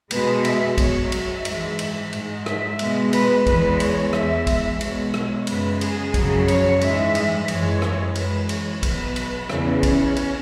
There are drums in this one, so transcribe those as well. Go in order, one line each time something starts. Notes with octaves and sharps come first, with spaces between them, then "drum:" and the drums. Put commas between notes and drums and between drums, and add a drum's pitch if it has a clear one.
B2 G#3 B4, drum: cymbal
E5, drum: cymbal
F#2 F#3 C#5, drum: kick, cymbal
E5, drum: cymbal
G#2 E3 G#3, drum: cymbal
drum: cymbal
G#2 G#3, drum: cymbal
E5, drum: rim click
B2 G#3, drum: cymbal
B4, drum: cymbal
E2 E3 G#3 B4, drum: kick, cymbal
C#5, drum: cymbal
E2 E3 G#3 E5, drum: rim click
drum: kick, cymbal
B2 G#3 C#5, drum: cymbal
drum: rim click
F#2 C#3 G#3 B4, drum: cymbal
G#4, drum: cymbal
F#2 C#3 F#3, drum: kick, cymbal
C#5, drum: cymbal
G#2 E3 G#3 E5, drum: cymbal
drum: cymbal
F#2 E3 G#3 C#5, drum: cymbal
drum: rim click
F#2 E3 G#3 B4, drum: cymbal
C#5, drum: cymbal
B2 F#3 B4, drum: kick, cymbal
drum: cymbal
E2 C#3 E3, drum: rim click
C#4, drum: kick, cymbal
drum: cymbal